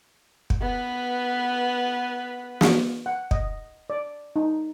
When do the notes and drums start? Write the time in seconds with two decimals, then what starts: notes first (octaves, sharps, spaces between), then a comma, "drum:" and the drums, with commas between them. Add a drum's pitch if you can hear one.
0.50 drum: kick
0.61 B3 B4
2.61 drum: snare
3.06 F#5
3.31 D#5, drum: kick
3.90 D5
4.36 D#4